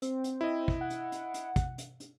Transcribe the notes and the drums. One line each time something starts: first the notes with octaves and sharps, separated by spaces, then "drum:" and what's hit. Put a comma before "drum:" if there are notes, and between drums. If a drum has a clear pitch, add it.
C4, drum: hi-hat
drum: hi-hat
E4 D#5
drum: kick
F#5
drum: hi-hat
drum: hi-hat
drum: hi-hat
drum: kick, hi-hat
drum: hi-hat
drum: hi-hat